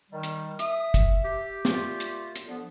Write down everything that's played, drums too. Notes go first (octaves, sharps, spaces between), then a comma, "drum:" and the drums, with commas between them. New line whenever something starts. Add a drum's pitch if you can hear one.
D#3 G3
drum: hi-hat
E5 D#6, drum: hi-hat
drum: kick, hi-hat
G4
A#2 A3 F4, drum: snare
drum: hi-hat
drum: hi-hat
D3 F3 B3